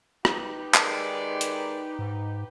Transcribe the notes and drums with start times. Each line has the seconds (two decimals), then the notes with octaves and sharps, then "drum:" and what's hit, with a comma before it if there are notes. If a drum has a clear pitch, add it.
0.25 D#4 G4 B4, drum: rim click
0.74 D#3 G#3 D5, drum: clap
1.41 drum: hi-hat
1.99 G#2